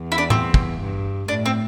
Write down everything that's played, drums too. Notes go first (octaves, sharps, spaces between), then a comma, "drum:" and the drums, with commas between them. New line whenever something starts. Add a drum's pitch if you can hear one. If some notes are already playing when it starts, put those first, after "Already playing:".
Already playing: E2
E4
D4
C4, drum: tom A2
drum: kick
G2
A2 D4
C4